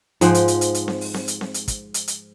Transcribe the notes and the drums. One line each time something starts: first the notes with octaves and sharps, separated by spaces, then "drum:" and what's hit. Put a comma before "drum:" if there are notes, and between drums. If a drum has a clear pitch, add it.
G#2 F3 G#3 G5, drum: hi-hat
drum: hi-hat
drum: hi-hat
drum: hi-hat
drum: hi-hat
drum: snare C4
drum: open hi-hat
drum: snare C4
drum: hi-hat
drum: snare C4
drum: hi-hat
drum: kick, hi-hat
drum: hi-hat
drum: hi-hat